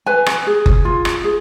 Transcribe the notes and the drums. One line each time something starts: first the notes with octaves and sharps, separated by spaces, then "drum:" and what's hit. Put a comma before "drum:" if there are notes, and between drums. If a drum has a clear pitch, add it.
B4 G#5
drum: rim click
G#4
drum: kick F#1
F4
drum: rim click
G#4